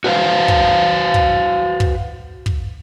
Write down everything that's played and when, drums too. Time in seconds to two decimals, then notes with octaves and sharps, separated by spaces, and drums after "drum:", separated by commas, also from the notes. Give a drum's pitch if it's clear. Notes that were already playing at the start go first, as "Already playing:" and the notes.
0.04 F#4 B4 C5 F5
0.48 drum: kick
1.14 drum: kick
1.80 drum: kick
2.46 drum: kick